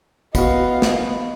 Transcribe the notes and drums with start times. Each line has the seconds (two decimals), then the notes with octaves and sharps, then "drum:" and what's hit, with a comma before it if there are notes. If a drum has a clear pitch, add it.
0.35 B3 F#4 D#5 F5, drum: kick, tambourine
0.82 drum: snare